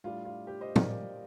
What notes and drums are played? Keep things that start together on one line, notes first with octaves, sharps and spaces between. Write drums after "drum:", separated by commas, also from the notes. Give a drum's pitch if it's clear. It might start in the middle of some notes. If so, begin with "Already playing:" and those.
A2 G3 D4 F4
F4
G4
C5 D#5
A#4 D5, drum: tom
G4 A#4